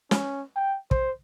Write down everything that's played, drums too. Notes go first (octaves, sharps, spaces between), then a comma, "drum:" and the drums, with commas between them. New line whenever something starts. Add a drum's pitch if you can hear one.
C#4, drum: snare
G5
C5, drum: kick